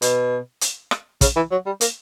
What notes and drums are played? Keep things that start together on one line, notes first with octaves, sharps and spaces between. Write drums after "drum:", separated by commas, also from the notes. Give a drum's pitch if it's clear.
B2, drum: hi-hat
drum: hi-hat
drum: rim click
C#3, drum: kick, hi-hat
E3
F#3
G3
A#3, drum: hi-hat